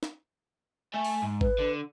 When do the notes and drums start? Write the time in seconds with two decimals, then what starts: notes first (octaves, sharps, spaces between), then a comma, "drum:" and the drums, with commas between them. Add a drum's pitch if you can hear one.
0.03 drum: snare
0.94 A3 E5 G#5
1.05 drum: open hi-hat
1.22 G#2
1.41 B4, drum: kick G#1
1.59 D3